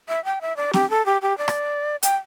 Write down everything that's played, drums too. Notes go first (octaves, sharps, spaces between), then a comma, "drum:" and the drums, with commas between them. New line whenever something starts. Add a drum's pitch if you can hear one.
E5
G5
E5
D5
G4, drum: snare C4
A4
G4
G4
D5
drum: rim click
G5, drum: hi-hat